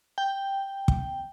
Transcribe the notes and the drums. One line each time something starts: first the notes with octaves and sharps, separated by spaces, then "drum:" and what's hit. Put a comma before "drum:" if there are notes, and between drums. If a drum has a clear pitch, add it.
G5
drum: kick